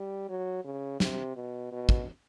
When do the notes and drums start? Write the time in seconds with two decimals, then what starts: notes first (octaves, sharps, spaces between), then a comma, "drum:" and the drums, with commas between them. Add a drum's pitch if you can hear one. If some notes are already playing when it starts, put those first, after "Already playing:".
Already playing: G3
0.29 F#3
0.64 C#3
1.00 C3, drum: snare
1.36 B2
1.72 B2
1.89 drum: kick